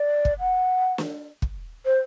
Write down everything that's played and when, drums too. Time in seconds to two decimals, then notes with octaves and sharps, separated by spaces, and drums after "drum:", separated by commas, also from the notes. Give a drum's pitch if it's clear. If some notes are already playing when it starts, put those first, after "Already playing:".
Already playing: D5
0.25 drum: kick
0.40 F#5
0.98 drum: snare
1.42 drum: kick
1.86 C5